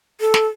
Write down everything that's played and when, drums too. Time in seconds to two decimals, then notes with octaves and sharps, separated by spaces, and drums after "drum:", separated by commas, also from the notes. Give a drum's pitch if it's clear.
0.20 A4
0.34 drum: snare